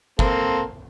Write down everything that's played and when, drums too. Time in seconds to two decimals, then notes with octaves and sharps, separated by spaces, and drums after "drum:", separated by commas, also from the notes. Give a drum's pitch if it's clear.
0.19 A#3 C4 A4, drum: kick